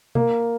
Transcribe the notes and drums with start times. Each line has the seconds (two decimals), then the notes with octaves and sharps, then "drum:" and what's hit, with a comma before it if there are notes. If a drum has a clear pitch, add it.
0.15 A#3, drum: tom B2